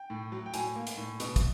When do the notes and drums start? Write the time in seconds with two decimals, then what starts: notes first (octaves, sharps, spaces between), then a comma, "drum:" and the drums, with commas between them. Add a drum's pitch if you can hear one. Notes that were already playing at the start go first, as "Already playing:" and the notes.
Already playing: G5
0.10 A2
0.32 F#3
0.46 G5
0.54 A2 G#5, drum: hi-hat
0.76 A#3
0.87 drum: hi-hat
0.97 A2
1.20 B2, drum: hi-hat
1.36 drum: kick, hi-hat